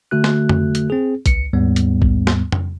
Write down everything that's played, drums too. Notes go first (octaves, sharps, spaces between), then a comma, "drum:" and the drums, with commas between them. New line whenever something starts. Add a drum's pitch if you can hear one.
D3 A3 F#4 F#6
drum: snare
drum: tom F2
drum: hi-hat
C4 G#4
C#2 C#7, drum: kick A#1, hi-hat
D#2 G#2 G3 B3
drum: hi-hat
drum: kick A#1
drum: snare
drum: tom F2